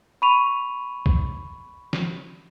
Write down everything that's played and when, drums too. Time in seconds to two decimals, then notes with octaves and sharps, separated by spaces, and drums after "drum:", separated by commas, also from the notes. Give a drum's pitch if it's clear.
0.22 B5 C#6 D#7 F7
1.06 drum: kick
1.93 drum: snare